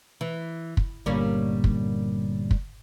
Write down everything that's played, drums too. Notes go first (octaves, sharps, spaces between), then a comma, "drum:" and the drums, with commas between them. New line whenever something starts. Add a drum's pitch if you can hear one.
E3
drum: kick
G1 A#2 D3 G3 A#3 C#4
drum: kick
drum: kick